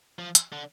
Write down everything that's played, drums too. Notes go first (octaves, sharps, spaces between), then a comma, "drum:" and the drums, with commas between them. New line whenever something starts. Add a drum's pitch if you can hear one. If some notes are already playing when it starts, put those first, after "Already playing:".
F3
drum: hi-hat
D3